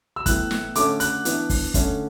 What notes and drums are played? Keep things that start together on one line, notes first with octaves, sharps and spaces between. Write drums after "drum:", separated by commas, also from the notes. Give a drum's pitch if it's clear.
E6
A2 E3 B3 F#6, drum: kick, hi-hat
drum: snare
D3 A3 C#4 D6, drum: hi-hat
F#6, drum: hi-hat
E3 B3 D4, drum: hi-hat
drum: kick, open hi-hat
D3 A3 C#4, drum: kick, hi-hat